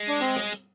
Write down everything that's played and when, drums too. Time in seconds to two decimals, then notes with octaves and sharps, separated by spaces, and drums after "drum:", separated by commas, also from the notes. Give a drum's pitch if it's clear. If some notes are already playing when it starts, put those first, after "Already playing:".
Already playing: G#3
0.08 D4
0.21 C4, drum: hi-hat
0.36 drum: rim click
0.52 drum: hi-hat